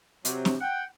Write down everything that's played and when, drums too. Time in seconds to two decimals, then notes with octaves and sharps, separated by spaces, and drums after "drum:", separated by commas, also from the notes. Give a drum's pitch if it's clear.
0.25 C3 F#3, drum: hi-hat
0.45 drum: snare C4
0.61 F#5 G5